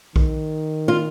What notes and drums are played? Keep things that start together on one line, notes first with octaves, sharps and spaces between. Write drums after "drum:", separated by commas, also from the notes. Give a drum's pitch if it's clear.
D#3, drum: kick A#1
F4